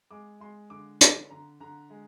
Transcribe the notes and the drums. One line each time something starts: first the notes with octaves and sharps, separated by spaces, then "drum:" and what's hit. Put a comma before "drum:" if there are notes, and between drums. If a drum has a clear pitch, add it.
G#3 D6
G#3 C6
D3 D6
D3 D6, drum: hi-hat
D3 A#5
D3 A#5
G#3